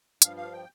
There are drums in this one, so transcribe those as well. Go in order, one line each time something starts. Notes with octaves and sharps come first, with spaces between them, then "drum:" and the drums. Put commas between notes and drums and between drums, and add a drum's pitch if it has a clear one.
G2 F3 F5, drum: hi-hat
F5
G5